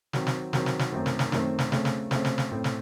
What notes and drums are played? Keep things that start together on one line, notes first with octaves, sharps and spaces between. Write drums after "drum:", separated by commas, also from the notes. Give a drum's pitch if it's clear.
D#3 F#3 C4, drum: snare
drum: snare
D#3 F#3 C4, drum: snare
drum: snare
drum: snare
F#2 D#3 A3 C4
drum: snare
drum: snare
F#2 D#3 A3 C4, drum: snare
drum: snare
C#3 A3 C4, drum: snare
drum: snare
C#3 A3 C4, drum: snare
drum: snare
drum: snare
A2 A3 C4
drum: snare